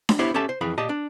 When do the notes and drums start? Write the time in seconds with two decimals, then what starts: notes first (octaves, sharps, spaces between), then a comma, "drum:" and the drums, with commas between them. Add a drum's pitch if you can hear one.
0.09 drum: snare D4
0.19 B3 E4 G4 C5 C#5
0.34 C#4 G4 A4 E5 A5
0.49 C5
0.61 F2 E3 G#4 F5 B5
0.78 A#2 G4 D#5 A5
0.89 D4